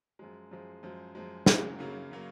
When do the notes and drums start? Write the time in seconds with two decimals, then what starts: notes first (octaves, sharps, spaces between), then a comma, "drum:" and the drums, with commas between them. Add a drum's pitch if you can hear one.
0.19 F#2 F3 G#3
0.51 F#2 F3 G#3
0.83 F#2 F3 G#3
1.15 F#2 F3 G#3
1.46 F#2 C#3 F#3 A#3, drum: snare
1.79 F#2 C#3 F#3 A#3
2.12 C#3 F#3 A#3